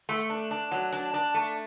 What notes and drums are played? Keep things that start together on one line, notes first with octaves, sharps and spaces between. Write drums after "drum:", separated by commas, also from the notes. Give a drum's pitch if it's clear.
A3
D4
D4
F#3
D4, drum: open hi-hat
D4
A3